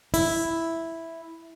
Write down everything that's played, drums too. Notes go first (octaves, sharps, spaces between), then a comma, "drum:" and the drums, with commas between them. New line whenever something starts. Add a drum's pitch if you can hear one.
E4, drum: open hi-hat